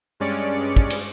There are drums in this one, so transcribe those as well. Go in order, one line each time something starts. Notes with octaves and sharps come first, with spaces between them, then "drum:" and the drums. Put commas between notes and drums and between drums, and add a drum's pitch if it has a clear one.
G2 G#3 C#4 D5 C#7
drum: kick
drum: cymbal